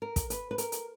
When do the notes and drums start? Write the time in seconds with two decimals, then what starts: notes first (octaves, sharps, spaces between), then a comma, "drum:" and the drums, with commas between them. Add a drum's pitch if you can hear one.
0.02 A#4
0.16 drum: kick, hi-hat
0.30 B4, drum: hi-hat
0.51 B4
0.58 A#4, drum: hi-hat
0.72 drum: hi-hat